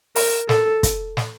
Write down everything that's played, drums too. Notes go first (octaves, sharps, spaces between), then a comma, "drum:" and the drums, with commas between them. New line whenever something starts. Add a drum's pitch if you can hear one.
A#4, drum: open hi-hat
A4, drum: snare
drum: kick, hi-hat
drum: snare